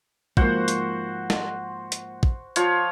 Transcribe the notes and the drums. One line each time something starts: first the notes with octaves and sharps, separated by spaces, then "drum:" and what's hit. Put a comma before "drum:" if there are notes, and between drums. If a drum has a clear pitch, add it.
G#2 F3 A#3 F#4 C5 F#5, drum: kick
drum: hi-hat
drum: snare
drum: hi-hat
drum: kick
F3 F4 C#5, drum: hi-hat